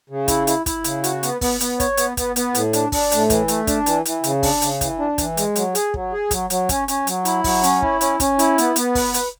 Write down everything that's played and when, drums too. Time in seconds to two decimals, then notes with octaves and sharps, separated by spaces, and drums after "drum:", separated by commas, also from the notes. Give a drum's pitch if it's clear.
0.10 C#3
0.28 E4, drum: kick, hi-hat
0.47 E4, drum: hi-hat
0.66 E4, drum: kick, hi-hat
0.84 C#3, drum: hi-hat
1.04 F#4, drum: hi-hat
1.23 B3, drum: hi-hat
1.41 B3, drum: kick, open hi-hat
1.60 B3, drum: hi-hat
1.80 C#5, drum: kick, hi-hat
1.97 B3, drum: hi-hat
2.17 B3, drum: kick, hi-hat
2.36 B3, drum: hi-hat
2.55 A2, drum: hi-hat
2.73 D4, drum: hi-hat
2.92 D4, drum: kick, open hi-hat
3.12 A2, drum: hi-hat
3.30 E3, drum: kick, hi-hat
3.48 A3, drum: hi-hat
3.67 D4, drum: kick, hi-hat
3.86 E3, drum: hi-hat
4.05 E3, drum: hi-hat
4.24 C#3, drum: hi-hat
4.43 D4, drum: kick, open hi-hat
4.62 C#3, drum: hi-hat
4.81 E3, drum: kick, hi-hat
4.99 D4
5.18 E3, drum: kick, hi-hat
5.37 G#3, drum: hi-hat
5.55 F#3, drum: hi-hat
5.75 G#4, drum: hi-hat
5.94 F#3, drum: kick
6.12 G#4
6.31 F#3, drum: kick, hi-hat
6.50 F#3, drum: hi-hat
6.69 C#4, drum: kick, hi-hat
6.88 C#4, drum: hi-hat
7.07 F#3, drum: hi-hat
7.25 E4, drum: hi-hat
7.44 F#3, drum: kick, open hi-hat
7.63 C#4, drum: hi-hat
7.82 E4, drum: kick
8.01 C#4, drum: hi-hat
8.20 C#4, drum: kick, hi-hat
8.39 E4, drum: hi-hat
8.58 B3, drum: hi-hat
8.76 B3, drum: hi-hat
8.95 B4, drum: kick, open hi-hat
9.14 B4, drum: hi-hat